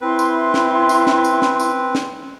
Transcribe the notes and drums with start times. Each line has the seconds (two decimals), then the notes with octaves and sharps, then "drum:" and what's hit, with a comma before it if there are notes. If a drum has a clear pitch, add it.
0.01 C4 E4 B4 C6
0.19 drum: tambourine
0.54 drum: snare
0.89 drum: tambourine
1.07 drum: snare
1.24 drum: tambourine
1.42 drum: snare
1.60 drum: tambourine
1.95 drum: snare